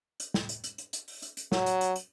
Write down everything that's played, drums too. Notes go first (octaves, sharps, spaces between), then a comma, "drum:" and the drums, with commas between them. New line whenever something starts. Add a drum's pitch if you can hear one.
drum: hi-hat
drum: snare
drum: hi-hat
drum: hi-hat
drum: hi-hat
drum: hi-hat
drum: open hi-hat
drum: hi-hat
drum: hi-hat
F#3, drum: snare
drum: hi-hat
drum: hi-hat
drum: hi-hat